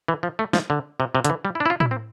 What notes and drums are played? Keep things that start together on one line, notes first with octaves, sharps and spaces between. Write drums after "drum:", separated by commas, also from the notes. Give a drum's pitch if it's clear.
E3
F3
A3
F3, drum: snare
D3
C3
C3
D3, drum: hi-hat
E3
G3
E4
D4
E4
F4
E4, drum: tom A2
C4